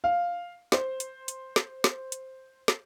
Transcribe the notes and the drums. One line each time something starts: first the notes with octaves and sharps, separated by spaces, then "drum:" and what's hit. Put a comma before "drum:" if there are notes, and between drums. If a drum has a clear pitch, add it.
F5
C5, drum: snare
drum: hi-hat
drum: hi-hat
drum: snare
drum: snare
drum: hi-hat
drum: snare